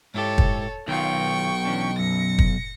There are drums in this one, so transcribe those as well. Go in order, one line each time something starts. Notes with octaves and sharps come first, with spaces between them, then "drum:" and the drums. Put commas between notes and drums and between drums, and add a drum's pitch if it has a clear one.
G#2 E4 G4 A4 C#5
drum: kick
B1 D#3 F4 G5 C#6
E3 C#4 D4
F#2 A#6 C#7
drum: kick